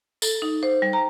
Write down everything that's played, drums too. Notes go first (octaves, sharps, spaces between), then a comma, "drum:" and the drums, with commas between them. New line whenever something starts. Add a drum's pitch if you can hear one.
A4, drum: tambourine
D#4
C5
G3
A#5